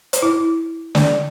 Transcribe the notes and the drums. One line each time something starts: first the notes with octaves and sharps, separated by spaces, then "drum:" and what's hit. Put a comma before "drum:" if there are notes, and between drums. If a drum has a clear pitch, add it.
drum: hi-hat
E4
D5, drum: snare